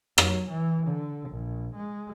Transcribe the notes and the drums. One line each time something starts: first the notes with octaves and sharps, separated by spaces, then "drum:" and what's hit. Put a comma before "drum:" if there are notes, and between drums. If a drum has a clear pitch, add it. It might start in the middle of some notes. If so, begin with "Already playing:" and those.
F#3, drum: rim click
E3
D3
A#1
G#3